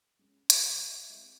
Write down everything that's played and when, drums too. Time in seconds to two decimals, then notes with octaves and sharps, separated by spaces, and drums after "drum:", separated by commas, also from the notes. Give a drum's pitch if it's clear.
0.19 G#3 C#4
0.50 drum: hi-hat
0.63 D#3 F#5
0.76 E5
0.89 D#5
1.01 E5
1.09 G#3 C4 E4